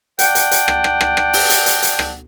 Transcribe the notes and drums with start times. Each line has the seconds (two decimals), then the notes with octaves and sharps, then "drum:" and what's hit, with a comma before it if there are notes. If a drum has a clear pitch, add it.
0.19 D5 F#5 G5 A5, drum: hi-hat
0.35 drum: hi-hat
0.51 drum: hi-hat
0.68 drum: rim click
0.84 drum: rim click
1.01 drum: rim click
1.17 drum: rim click
1.33 drum: open hi-hat
1.50 drum: hi-hat
1.66 drum: hi-hat
1.82 drum: hi-hat
1.99 drum: rim click